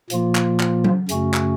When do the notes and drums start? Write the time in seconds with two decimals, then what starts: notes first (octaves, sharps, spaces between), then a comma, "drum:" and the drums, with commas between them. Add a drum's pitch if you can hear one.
0.10 A#2 F3 A#3 F4, drum: hi-hat
0.35 drum: clap
0.60 drum: clap
0.84 drum: tom F#3
1.09 F#2 C#3 A3 C#4 F#4, drum: hi-hat
1.34 drum: clap